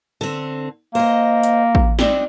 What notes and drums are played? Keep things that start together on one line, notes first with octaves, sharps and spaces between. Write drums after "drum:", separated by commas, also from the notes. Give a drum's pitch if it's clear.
D3 C4
A#3 C5 D#5
drum: hi-hat
drum: kick
C4 D4 D#4, drum: snare